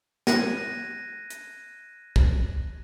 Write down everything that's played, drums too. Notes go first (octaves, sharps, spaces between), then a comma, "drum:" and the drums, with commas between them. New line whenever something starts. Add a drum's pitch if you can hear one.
F#6 G#6 A#6 D#7, drum: snare
drum: hi-hat
drum: kick